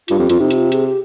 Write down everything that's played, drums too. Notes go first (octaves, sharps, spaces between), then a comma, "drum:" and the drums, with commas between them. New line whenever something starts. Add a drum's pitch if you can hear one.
G2 F4, drum: hi-hat
F2 G4
F2 F4, drum: hi-hat
C3 D#4
F4, drum: hi-hat
G#4, drum: hi-hat
G4